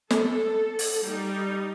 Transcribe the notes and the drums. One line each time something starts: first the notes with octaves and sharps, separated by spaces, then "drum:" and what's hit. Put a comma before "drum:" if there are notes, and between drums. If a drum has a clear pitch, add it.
A4, drum: snare
drum: open hi-hat
G3 D#4